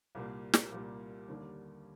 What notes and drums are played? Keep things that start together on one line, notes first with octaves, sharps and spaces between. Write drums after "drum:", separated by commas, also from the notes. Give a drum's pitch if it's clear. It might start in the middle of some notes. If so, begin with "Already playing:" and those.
C2 A#2 G3 A#3
drum: snare
C2 A#2 G3 A#3
D#2 D3 G3 A#3 D4